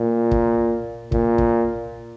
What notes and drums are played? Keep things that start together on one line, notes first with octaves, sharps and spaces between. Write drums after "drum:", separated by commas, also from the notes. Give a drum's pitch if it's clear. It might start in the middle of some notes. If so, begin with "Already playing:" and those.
Already playing: A#2
drum: kick
A#2, drum: kick
drum: kick